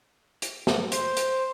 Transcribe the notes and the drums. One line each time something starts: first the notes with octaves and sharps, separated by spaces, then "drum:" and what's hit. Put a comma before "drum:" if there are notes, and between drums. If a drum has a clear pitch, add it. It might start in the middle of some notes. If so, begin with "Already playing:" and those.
drum: hi-hat
drum: snare
C5, drum: hi-hat
drum: hi-hat